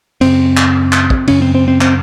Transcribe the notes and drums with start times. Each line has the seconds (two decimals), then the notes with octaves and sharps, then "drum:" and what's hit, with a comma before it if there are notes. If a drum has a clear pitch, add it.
0.21 F#2 C#3 C4, drum: cymbal
0.57 drum: clap
0.93 drum: clap
1.10 drum: kick
1.27 F#2 C#3 C#4, drum: cymbal
1.42 C4
1.55 C4
1.68 C4
1.81 C4, drum: clap